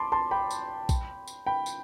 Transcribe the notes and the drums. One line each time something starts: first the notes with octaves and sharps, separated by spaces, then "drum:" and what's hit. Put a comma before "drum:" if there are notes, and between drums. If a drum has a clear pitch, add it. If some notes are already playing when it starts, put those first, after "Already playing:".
Already playing: A5 B5 C6 D6
A5 C6
G5 B5
drum: tambourine
drum: kick A#1, tambourine
drum: tambourine
G5 B5
drum: tambourine